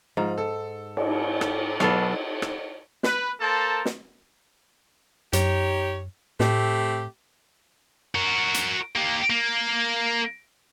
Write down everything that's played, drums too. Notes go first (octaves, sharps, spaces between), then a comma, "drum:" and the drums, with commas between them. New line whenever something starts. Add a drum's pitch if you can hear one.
G#2 F3 A#5
A4
drum: cymbal
drum: rim click
B1 B3 A4 F5, drum: rim click
drum: rim click
B4, drum: snare
A#3 A4 A#4 C5 A5
drum: snare
F#2 D#4 G4 C#5, drum: hi-hat
A2 A3 C4 G4, drum: snare
F#4 A#4
drum: hi-hat
A#3 G4
A#3